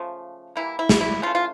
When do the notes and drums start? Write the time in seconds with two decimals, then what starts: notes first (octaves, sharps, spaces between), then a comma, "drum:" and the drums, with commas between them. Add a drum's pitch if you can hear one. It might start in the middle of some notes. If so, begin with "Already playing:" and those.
Already playing: C#3 F3 A3
0.56 E3 G3 A#3 E4
0.79 E4
0.89 drum: snare
1.01 E4
1.22 C#3 E3 A3 F4
1.35 F4